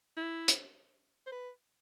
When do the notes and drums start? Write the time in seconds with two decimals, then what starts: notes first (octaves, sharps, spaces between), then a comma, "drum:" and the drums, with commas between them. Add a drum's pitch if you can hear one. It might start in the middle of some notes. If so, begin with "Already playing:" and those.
0.17 E4
0.48 drum: hi-hat
1.27 C5
1.32 B4